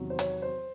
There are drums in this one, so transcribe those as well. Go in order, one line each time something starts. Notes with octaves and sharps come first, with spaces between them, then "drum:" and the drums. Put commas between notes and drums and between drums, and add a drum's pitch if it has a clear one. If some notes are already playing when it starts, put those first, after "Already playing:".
Already playing: E2 C3 D#3 F#3
C5
C#5, drum: hi-hat
C5